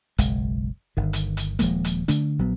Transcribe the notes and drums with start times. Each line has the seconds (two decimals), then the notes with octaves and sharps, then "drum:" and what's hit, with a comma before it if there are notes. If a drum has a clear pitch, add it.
0.18 F#1 B1 G#3, drum: hi-hat
0.97 G1 D#3
1.13 drum: hi-hat
1.37 drum: hi-hat
1.59 D#1 F3 G#3 A#3, drum: hi-hat
1.84 drum: hi-hat
2.08 D3 A3 D4, drum: hi-hat
2.39 A#1 F#3 B3